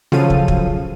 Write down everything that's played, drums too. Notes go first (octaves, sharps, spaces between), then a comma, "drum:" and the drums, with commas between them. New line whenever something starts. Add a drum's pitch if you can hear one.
C#3 F3 F#3 A4 F5 D#7, drum: snare A3
drum: kick
drum: kick